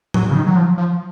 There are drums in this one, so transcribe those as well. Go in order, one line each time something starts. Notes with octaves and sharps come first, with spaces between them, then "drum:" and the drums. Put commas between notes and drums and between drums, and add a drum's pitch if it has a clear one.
F#3, drum: tom A2
C#3
D#3
F#3
F3
F3